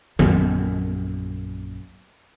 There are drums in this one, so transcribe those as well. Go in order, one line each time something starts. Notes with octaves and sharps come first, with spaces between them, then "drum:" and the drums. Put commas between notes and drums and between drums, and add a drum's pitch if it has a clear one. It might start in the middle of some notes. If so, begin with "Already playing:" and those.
A#1 F#2, drum: tom D#3